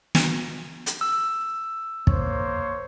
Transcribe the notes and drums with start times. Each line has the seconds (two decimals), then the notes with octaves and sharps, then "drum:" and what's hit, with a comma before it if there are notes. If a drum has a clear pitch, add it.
0.15 drum: snare
0.86 drum: hi-hat
1.01 E6
2.07 A#3 C5 C#5, drum: kick